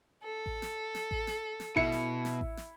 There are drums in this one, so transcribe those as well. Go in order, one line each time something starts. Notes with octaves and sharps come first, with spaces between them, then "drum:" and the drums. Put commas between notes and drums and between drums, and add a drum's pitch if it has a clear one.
A4
drum: kick A1
drum: snare
drum: snare
drum: kick A1
drum: snare
drum: snare
B2 E4 C#7, drum: kick A1
drum: snare
drum: snare
drum: kick A1
drum: snare